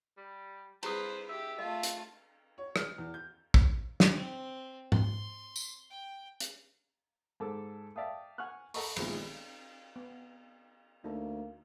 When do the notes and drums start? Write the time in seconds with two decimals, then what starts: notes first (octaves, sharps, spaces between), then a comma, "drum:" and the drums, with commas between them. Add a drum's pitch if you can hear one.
0.17 G3
0.83 E4 G#4 B4 C5 D#6, drum: cymbal
1.29 G4 E5
1.59 A3 F4 D#5
1.83 drum: hi-hat
2.58 C#5
2.76 F6, drum: rim click
2.98 E2
3.14 G6
3.54 drum: kick
4.00 drum: snare
4.15 C4
4.92 C6, drum: tom G#2
5.56 drum: tambourine
5.90 G5
6.40 drum: hi-hat
7.40 G#2 A4 D6
7.96 D5 E5 F5 G5 A5 D#6
8.38 F#5 G#5 C#6 F6 F#6
8.74 A4 D#5 F#5 A#5 B5 C#6, drum: open hi-hat
8.96 A#1 E2 D#3 F3 G#3, drum: cymbal
9.96 B3
11.04 D2 A#3 D#4 A4